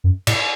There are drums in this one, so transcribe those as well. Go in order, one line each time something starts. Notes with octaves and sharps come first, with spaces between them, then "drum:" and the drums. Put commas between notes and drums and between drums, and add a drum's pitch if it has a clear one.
F#2
A2, drum: cymbal